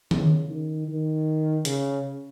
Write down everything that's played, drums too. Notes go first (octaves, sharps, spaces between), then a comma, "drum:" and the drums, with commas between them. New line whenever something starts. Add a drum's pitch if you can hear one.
C#3, drum: tom D#3
D#3
D#3
C#3, drum: hi-hat